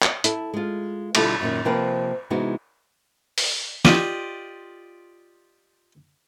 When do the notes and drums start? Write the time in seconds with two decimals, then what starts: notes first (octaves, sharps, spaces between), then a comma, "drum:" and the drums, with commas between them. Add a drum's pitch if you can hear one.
0.02 drum: clap
0.24 E4 A4, drum: hi-hat
0.54 G#3 F4
1.15 B2 D3 G3 E4 F4 A4, drum: cymbal
1.41 F#2 A#2 D#3
1.65 C3 F3 A#3 C4 A#4 B4
2.30 C3 E3 G#3 B3 D#4 F#4
3.38 drum: open hi-hat
3.85 F4 G4 D5 D#5, drum: snare